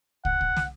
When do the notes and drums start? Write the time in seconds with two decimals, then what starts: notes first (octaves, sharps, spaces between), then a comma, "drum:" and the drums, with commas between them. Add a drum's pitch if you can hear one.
0.25 F#5, drum: kick
0.41 drum: kick
0.56 drum: snare